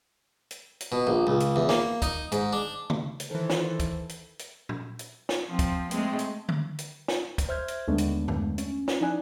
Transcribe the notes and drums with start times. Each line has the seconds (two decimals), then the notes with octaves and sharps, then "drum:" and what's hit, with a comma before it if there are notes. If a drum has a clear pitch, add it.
0.51 drum: hi-hat
0.81 drum: hi-hat
0.92 B2
1.07 A#1
1.27 C#2
1.40 drum: hi-hat
1.56 E2
1.69 A#3, drum: snare
2.02 D#4, drum: kick, hi-hat
2.32 G#2, drum: hi-hat
2.53 D4
2.90 drum: tom C#3
3.20 drum: hi-hat
3.31 D#3 E3 A4 C5
3.50 drum: snare
3.80 drum: kick, hi-hat
4.09 drum: hi-hat
4.39 drum: hi-hat
4.69 drum: tom A#2
4.99 drum: hi-hat
5.29 drum: snare
5.47 F3 C4
5.59 drum: kick, hi-hat
5.91 G#3 A3 C4, drum: hi-hat
6.19 drum: hi-hat
6.49 drum: tom D3
6.79 drum: hi-hat
7.08 drum: snare
7.38 drum: kick, hi-hat
7.49 C5 E5 F6 G6 G#6
7.68 drum: hi-hat
7.88 D#2 D3 G#3 A3 B3 D4
7.98 drum: hi-hat
8.28 drum: tom F#2
8.58 C#4, drum: hi-hat
8.88 drum: snare
9.01 F3 D#4 E4 D5 G#5 F#6